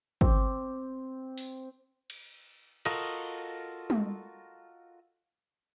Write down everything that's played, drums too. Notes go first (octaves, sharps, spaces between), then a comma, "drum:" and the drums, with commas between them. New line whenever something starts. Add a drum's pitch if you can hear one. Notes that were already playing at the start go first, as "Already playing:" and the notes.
C4 D6, drum: kick
drum: open hi-hat
drum: cymbal
F4 F#4 A4 A#4 D#5, drum: cymbal
drum: tom